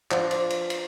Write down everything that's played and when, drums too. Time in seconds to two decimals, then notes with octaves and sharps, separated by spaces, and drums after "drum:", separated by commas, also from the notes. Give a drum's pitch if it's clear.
0.11 F3 D4, drum: clap
0.31 drum: cymbal
0.50 drum: cymbal
0.70 drum: cymbal